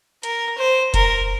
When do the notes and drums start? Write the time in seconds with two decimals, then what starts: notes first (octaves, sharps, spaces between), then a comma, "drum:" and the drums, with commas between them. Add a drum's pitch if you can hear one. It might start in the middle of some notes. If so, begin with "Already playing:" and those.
0.23 A#4, drum: hi-hat
0.58 C5
0.94 A#4, drum: kick F1, hi-hat